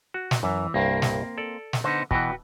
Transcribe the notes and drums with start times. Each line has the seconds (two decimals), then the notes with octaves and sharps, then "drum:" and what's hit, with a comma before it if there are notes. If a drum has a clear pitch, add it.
0.14 F#4
0.31 drum: snare
0.43 F#2 E3
0.74 C2 G2 A#3 C4
1.02 drum: snare
1.38 A4 D5
1.73 drum: snare
1.84 D3 B3 D#4 C5
2.11 B2 E3 F#4 B4 G5, drum: kick